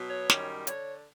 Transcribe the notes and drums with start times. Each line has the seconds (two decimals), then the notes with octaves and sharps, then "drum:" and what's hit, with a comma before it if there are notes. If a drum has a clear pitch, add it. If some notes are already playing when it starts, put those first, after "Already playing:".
Already playing: B2 F#3 B3
0.10 C#5
0.30 F#2 D#3 G3, drum: snare
0.67 D3 C#5, drum: hi-hat